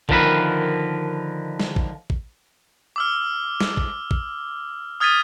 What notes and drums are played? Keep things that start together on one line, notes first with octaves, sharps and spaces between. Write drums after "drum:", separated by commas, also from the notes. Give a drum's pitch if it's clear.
D3 D#3 F3 A#4 B4, drum: kick
drum: snare
drum: kick
drum: kick
D6 E6 F6
drum: snare
drum: kick
drum: kick
D#6 F6 G#6 A6 B6 D#7